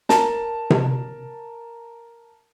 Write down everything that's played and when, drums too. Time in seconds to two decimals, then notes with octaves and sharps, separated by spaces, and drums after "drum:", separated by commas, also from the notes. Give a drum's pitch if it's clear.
0.09 A#4 A5, drum: snare
0.70 drum: tom C3